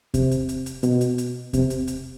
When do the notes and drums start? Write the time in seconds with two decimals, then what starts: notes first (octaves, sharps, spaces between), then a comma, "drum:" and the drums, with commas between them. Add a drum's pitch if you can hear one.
0.14 C3, drum: kick E2, hi-hat
0.31 drum: hi-hat
0.49 drum: hi-hat
0.66 drum: hi-hat
0.83 B2, drum: hi-hat
1.01 drum: hi-hat
1.18 drum: hi-hat
1.53 C3, drum: kick E2, hi-hat
1.70 drum: hi-hat
1.87 drum: hi-hat